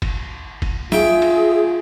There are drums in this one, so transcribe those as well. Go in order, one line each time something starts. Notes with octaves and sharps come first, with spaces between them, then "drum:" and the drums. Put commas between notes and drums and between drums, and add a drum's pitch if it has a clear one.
drum: kick, cymbal
drum: kick, cymbal
F4 G#4 E5 G5, drum: snare
drum: cymbal